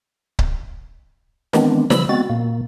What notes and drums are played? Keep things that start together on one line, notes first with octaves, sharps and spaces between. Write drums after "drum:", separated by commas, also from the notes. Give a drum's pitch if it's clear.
drum: kick C#1
D#3 E3 G#3 B3 C4 D4, drum: snare
C#3 E3 F3 G3 B5 E6, drum: snare
G#3 B3 C4 F#4 A6
A#2 A#3